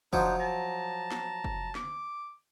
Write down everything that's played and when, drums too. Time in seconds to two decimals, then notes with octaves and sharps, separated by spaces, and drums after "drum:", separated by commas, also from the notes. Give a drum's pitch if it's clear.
0.13 F3 F#3 D4 D#4 C5, drum: kick
0.39 A5 A#5
1.11 drum: snare
1.44 drum: kick
1.75 D6, drum: snare